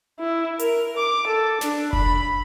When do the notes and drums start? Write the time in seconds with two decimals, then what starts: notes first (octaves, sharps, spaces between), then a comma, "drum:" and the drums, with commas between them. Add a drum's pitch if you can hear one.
0.19 E4
0.59 A#4, drum: hi-hat
0.97 D6
1.27 A4
1.61 D4, drum: snare
1.93 B5, drum: kick F1